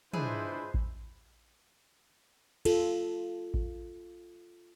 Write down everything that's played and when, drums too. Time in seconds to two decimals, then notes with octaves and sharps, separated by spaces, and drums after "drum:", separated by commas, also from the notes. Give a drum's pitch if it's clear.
0.13 G#3 D4 E4 F4 G#4 B4 C5 E5, drum: tom
0.74 drum: kick A1
2.65 F4 A4, drum: cymbal
3.54 drum: kick A1